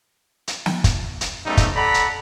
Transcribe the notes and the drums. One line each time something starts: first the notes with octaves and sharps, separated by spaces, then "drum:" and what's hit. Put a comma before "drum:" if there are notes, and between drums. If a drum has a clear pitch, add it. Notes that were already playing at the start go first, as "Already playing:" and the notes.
drum: hi-hat
drum: snare
drum: kick, hi-hat
drum: hi-hat
C#3 G3 A3 B3 C4 D#4
drum: kick, hi-hat
A4 D5 F#5 A#5 B5
drum: hi-hat